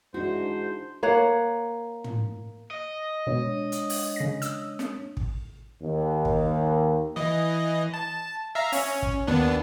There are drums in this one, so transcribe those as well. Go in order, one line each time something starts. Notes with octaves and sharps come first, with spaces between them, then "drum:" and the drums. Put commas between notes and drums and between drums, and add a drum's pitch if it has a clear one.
G#2 D4 E4 F#4 C5
A#3 C#5 F#5
drum: tom
D#5
B2 G#3 D4 C#5
drum: hi-hat
drum: open hi-hat
C#3 A#6
E6, drum: hi-hat
drum: snare
drum: kick
D#2
drum: kick
E3 D#5
A5
E5 F5 A#5
C#4 C#5, drum: open hi-hat
drum: kick
D#2 B3 D4